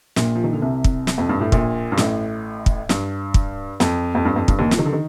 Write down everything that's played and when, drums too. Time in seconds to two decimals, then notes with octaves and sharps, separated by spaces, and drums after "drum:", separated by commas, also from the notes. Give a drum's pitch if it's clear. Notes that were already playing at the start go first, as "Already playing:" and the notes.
0.16 A#1 A#2, drum: snare
0.35 F3
0.44 D#3
0.53 D3
0.62 C2 C3
0.84 drum: kick
1.07 drum: snare
1.18 F2
1.29 G2
1.41 A2
1.52 A#1 A#2, drum: kick
1.92 G2
1.97 A1 A2, drum: snare
2.66 drum: kick
2.89 G2, drum: snare
3.34 drum: kick
3.80 F2, drum: snare
4.15 F2
4.25 G2
4.36 F2
4.48 G2, drum: kick
4.59 D#2 D#3
4.71 F3, drum: snare
4.79 D#3
4.85 D3
4.93 D#3